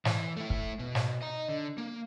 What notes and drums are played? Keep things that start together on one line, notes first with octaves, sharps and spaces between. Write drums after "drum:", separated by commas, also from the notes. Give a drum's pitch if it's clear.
E3, drum: snare
A3 E4
drum: kick
B2
drum: snare
D#5 A#5
D3
A#3